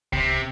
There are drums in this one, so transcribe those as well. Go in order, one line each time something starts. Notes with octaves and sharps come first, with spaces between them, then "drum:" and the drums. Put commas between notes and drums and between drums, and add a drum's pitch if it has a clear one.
C3, drum: kick C2